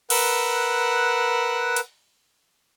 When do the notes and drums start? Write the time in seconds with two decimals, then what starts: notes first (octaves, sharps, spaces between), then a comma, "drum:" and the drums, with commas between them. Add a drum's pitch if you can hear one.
0.10 A#4 B4 F#5 E6 F#6, drum: cymbal
1.76 drum: hi-hat